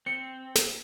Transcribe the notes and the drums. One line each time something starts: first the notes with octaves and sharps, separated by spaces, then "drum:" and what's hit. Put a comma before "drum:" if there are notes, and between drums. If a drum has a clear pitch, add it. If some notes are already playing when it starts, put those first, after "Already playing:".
C4 C#7
drum: snare